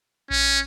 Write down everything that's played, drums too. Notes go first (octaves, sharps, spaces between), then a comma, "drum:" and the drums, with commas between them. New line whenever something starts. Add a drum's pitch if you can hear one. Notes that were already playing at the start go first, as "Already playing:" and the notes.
C#4, drum: kick A#1